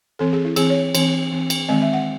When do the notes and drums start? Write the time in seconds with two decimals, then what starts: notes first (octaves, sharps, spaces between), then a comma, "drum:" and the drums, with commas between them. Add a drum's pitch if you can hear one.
0.19 E3 C4 A4
0.33 G#4
0.45 E4
0.56 E3 C4 G#4, drum: cymbal
0.70 C#5
0.95 E3 C4, drum: cymbal
1.31 E3 C4
1.50 drum: cymbal
1.69 D#3 G#3 C4 D#5
1.82 E5
1.93 F#5